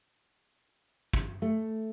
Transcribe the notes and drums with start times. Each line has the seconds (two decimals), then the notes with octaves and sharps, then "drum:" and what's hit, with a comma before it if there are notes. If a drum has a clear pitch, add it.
1.13 drum: kick
1.42 A3